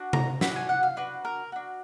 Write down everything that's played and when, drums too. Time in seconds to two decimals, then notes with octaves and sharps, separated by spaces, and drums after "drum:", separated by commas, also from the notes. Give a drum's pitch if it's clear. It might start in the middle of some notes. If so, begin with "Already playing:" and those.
Already playing: D4 F#4
0.13 A#5, drum: tom C3
0.41 D4 F#4 B5, drum: snare
0.56 G#5
0.69 F#5
0.83 F5
0.97 D4 F#4 B4
1.25 A#4
1.52 D4 F#4